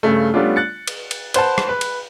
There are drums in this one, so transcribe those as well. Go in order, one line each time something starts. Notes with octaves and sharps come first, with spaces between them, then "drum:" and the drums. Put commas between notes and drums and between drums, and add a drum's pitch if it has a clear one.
G2 C#3 A3
G3 A3 B3 C#4 D4 F4
F#6 A6 C#7
drum: cymbal
drum: cymbal
B4 C5 F#5 A5, drum: cymbal
drum: rim click
B4
drum: cymbal